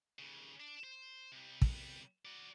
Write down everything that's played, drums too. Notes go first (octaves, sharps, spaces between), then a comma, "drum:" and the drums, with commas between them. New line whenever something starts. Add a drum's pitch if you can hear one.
D#2 C#3
D4
C5
C3 G3
drum: kick
F#4 D5